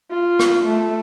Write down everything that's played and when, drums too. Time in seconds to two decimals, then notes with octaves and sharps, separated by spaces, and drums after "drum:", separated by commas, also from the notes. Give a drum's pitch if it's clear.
0.11 F4
0.39 drum: rim click
0.64 A3